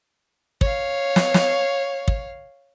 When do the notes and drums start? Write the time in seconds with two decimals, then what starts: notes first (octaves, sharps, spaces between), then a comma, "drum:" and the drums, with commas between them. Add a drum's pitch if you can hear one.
0.61 C#5 F5, drum: kick
1.16 drum: snare
1.34 drum: snare
2.08 drum: kick